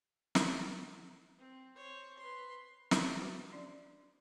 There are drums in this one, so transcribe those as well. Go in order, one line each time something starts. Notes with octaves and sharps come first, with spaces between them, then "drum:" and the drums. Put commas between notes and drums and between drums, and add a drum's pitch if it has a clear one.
drum: snare
C4
C5 C#5
B4 C6
drum: snare
F#4 B4 C5 E5 D6
C#4 D4 D5